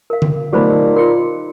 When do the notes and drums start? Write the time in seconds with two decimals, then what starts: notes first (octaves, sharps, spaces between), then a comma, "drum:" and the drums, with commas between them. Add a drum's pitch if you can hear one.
0.10 A#4 F5
0.22 drum: tom D3
0.53 A#2 F#3 A3 B3 D#4 G4 C5 B5
0.96 F4 A#4 C6 C#7